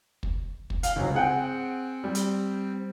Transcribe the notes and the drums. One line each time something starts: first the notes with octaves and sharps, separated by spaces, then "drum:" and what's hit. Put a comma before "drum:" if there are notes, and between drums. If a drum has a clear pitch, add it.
drum: kick
drum: kick
F5, drum: hi-hat
C#2 G#2 F#3
C4 G#4 F#5 G5
G3
drum: hi-hat